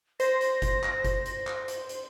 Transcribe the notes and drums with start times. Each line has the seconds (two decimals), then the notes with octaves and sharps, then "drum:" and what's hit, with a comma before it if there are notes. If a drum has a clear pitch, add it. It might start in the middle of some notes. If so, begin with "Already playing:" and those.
0.20 C5 A#6, drum: hi-hat
0.41 drum: hi-hat
0.62 drum: kick, hi-hat
0.83 drum: clap
1.04 drum: kick, hi-hat
1.26 drum: hi-hat
1.47 drum: clap
1.68 drum: hi-hat
1.89 drum: hi-hat